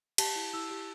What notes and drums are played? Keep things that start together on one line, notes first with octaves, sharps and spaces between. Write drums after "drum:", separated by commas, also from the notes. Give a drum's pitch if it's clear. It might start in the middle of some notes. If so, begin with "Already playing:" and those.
G4 A5, drum: cymbal
E4
E4 E6
G4